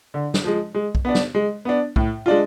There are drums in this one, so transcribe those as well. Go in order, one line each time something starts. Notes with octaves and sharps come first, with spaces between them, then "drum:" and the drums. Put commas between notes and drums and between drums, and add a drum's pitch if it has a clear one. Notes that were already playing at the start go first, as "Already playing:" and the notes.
D3
drum: snare
F3 G#3
G#3
drum: kick B1
B3 D4
drum: snare
G#3
B3 D4
A2, drum: kick B1
G#3 D4 F4